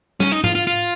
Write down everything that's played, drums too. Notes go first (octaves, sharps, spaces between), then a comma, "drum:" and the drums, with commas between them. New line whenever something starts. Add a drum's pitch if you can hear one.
C#4, drum: snare
D#4
F4, drum: tom G#2
F4
F4